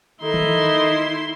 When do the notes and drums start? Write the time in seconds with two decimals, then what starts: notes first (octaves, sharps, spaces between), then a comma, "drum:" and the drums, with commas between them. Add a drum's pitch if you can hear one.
0.22 D#3 D#4 E4 A4 C6
0.34 drum: tom D#3